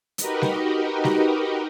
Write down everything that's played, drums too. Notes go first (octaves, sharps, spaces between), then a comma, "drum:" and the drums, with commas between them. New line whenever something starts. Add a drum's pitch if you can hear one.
D#4 F#4 G4 A#4 B4 D#5, drum: hi-hat
drum: snare G3
drum: snare G3